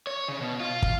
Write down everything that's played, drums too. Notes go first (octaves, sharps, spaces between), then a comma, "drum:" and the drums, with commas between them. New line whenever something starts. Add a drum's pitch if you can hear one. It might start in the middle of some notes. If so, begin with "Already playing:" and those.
C#5
C#3
B2
F4
drum: kick